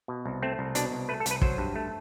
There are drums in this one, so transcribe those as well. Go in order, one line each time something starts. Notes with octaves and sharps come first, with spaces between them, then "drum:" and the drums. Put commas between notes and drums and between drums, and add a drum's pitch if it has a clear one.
B2
C2
A3 C4
C2
B2 D4, drum: hi-hat
C2
A3 B4
A4
C2, drum: hi-hat
B4
F#3 C5, drum: kick
G2
A3